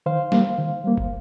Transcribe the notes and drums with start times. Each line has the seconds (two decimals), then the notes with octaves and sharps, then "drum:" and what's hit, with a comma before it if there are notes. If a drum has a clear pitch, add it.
0.06 D#3 C5 F5
0.32 G3 A#3, drum: snare
0.58 D#3
0.84 G3 A#3
0.97 drum: kick